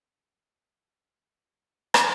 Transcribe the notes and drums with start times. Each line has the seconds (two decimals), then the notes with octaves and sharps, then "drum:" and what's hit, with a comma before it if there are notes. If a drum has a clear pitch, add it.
0.16 G#2 E3 F#3
1.14 G2
1.94 drum: rim click